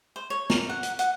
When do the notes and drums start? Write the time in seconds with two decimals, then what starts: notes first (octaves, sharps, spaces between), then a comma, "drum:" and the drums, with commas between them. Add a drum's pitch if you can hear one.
0.16 C5
0.30 C#5
0.50 A#4, drum: snare
0.70 F#5
0.83 drum: hi-hat
0.99 F#5, drum: hi-hat